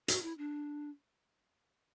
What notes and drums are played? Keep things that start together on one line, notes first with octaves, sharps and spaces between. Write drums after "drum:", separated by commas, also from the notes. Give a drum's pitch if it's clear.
F#4, drum: hi-hat
E4
D4